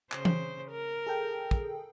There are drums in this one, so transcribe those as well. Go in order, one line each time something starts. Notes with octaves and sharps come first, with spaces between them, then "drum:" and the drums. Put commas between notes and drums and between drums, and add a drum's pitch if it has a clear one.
C#3 C5, drum: clap
drum: tom E3
A#4
G#4 A4 G5
drum: kick